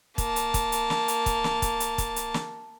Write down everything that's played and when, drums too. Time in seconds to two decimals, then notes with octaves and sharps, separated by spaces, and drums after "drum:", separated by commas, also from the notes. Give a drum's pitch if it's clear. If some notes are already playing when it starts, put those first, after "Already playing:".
0.18 A#3 A5, drum: kick, hi-hat
0.36 drum: hi-hat
0.54 drum: kick, hi-hat
0.72 drum: hi-hat
0.90 drum: snare
1.08 drum: hi-hat
1.26 drum: kick, hi-hat
1.44 drum: snare
1.62 drum: kick, hi-hat
1.80 drum: hi-hat
1.98 drum: kick, hi-hat
2.16 drum: hi-hat
2.34 drum: snare